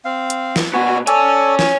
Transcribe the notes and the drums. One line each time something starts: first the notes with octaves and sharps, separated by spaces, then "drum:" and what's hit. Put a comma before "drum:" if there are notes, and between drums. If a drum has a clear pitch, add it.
C4 F5
drum: hi-hat
drum: snare
A#2 B3 F#4 G#5
A4 C#5 D5 G#5, drum: hi-hat
drum: snare